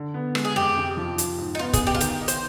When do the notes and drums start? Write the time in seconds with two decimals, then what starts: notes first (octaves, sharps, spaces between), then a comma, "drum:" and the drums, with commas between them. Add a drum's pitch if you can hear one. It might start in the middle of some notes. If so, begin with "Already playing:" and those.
Already playing: D3
0.14 B3
0.35 G#3, drum: rim click
0.45 G#4
0.56 F2 G4
0.77 C3
0.97 F3
1.18 F3, drum: hi-hat
1.38 G#2
1.55 D#4
1.59 B3 F4
1.73 G#4, drum: kick, hi-hat
1.80 B3
1.87 G4
1.95 F4
2.00 D#3 G4, drum: hi-hat
2.21 D#4
2.28 C5, drum: hi-hat